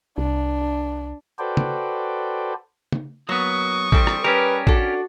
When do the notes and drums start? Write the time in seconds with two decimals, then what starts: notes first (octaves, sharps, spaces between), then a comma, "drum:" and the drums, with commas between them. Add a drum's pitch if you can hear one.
0.18 C2 D4
1.39 F#4 A4 B4 C5 D5 G5
1.57 drum: tom
2.92 drum: tom
3.29 F#3 A#3 B3 C#6 D#6
3.92 E3 G3 C4 A4, drum: kick A1
4.07 drum: rim click
4.24 G3 C#4 G4 A#4 B4
4.67 D4 F#4 A4, drum: kick A1